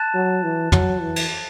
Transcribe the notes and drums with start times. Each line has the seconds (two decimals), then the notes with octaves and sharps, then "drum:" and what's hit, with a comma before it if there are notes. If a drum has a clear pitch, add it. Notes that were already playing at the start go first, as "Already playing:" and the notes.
Already playing: A5 F#6 A6 E7
0.14 F#3
0.43 E3
0.72 F#3, drum: tom
1.01 E3
1.16 drum: cymbal